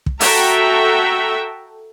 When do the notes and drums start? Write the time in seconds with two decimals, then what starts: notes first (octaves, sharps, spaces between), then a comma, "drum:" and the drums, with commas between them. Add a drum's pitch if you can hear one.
0.06 drum: kick
0.21 F#4 A4 E5 G5 A#5, drum: open hi-hat